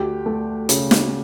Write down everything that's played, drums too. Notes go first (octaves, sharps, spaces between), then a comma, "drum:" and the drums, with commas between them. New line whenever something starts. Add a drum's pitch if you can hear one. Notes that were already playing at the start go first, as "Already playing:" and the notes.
Already playing: D2 G4 G5
A3
C#3, drum: hi-hat
drum: snare